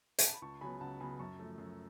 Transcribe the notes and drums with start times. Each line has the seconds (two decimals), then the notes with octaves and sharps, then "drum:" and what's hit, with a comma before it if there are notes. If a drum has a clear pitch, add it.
0.19 G#5, drum: hi-hat
0.26 A5
0.34 B5
0.42 C#2 A5 C#6
0.61 C#3 F#3 B3 G#5 B5
0.81 C#2 F#5 A5
1.00 C#3 F#3 B3 G#5 B5
1.19 F#2 A5 C#6
1.39 F3 A3
1.58 F#2